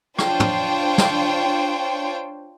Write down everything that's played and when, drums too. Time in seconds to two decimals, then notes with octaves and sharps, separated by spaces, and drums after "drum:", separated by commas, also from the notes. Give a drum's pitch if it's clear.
0.19 D4 F4 C5 C#5 G5, drum: rim click
0.40 drum: tom
0.98 drum: snare